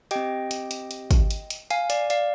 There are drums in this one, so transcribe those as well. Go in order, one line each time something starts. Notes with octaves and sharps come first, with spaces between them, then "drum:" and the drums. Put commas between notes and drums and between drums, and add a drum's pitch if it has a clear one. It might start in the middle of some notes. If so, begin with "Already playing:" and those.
C4 G4 D#5 G5, drum: hi-hat
drum: hi-hat
drum: hi-hat
drum: hi-hat
drum: kick, hi-hat
drum: hi-hat
drum: hi-hat
F5 G#5, drum: hi-hat
D5, drum: hi-hat
D5 F5, drum: hi-hat